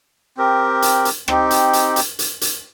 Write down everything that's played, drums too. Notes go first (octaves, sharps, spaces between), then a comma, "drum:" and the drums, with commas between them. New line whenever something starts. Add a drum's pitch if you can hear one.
C4 G4 A#4
drum: hi-hat
drum: hi-hat
C4 D#4 G4, drum: rim click
drum: hi-hat
drum: hi-hat
drum: hi-hat
drum: hi-hat
drum: hi-hat